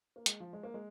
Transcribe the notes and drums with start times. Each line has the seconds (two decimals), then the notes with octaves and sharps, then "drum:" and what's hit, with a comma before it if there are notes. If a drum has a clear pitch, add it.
0.16 A#3
0.26 G#3, drum: hi-hat
0.40 F3
0.53 G#3
0.63 A#3
0.74 G#3